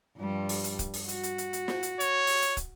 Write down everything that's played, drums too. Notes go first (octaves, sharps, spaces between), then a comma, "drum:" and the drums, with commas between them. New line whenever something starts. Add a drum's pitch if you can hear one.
G2 F3 G3
drum: open hi-hat
drum: hi-hat
drum: kick, hi-hat
drum: open hi-hat
F#4, drum: hi-hat
drum: hi-hat
drum: hi-hat
drum: hi-hat
drum: snare
drum: hi-hat
C#5, drum: hi-hat
drum: open hi-hat
drum: hi-hat
drum: kick, hi-hat